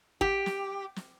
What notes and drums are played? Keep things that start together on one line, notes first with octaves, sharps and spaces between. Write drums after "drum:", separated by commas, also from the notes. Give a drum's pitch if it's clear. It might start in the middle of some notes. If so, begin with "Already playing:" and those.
G4, drum: kick
drum: snare
drum: snare